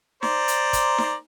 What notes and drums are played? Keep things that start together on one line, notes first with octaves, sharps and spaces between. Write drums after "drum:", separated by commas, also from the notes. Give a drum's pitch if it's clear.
C5 D5 A#5, drum: snare D#4
drum: hi-hat
drum: kick, hi-hat
drum: snare D#4